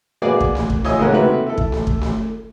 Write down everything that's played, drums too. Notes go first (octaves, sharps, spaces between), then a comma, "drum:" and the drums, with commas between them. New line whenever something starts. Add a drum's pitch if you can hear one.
A#3 F#4 G#4 B4 D5
drum: kick
drum: snare A3
drum: kick
F4 C#5 D#5 E5 G#5, drum: snare A3
C#3 G#3 A#3 C#4 A#4 F#5
D#2 C3 A3 F#4 B4 B5
E4 A4
drum: kick
drum: snare A3
drum: kick
drum: snare A3